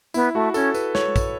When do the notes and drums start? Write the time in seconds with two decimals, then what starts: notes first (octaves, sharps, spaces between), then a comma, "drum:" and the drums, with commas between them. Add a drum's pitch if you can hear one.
0.14 B3 E4, drum: tambourine
0.35 A3 F#4
0.54 C#4 A4, drum: tambourine
0.74 B4, drum: tambourine
0.95 C#5, drum: snare
1.16 drum: kick, tambourine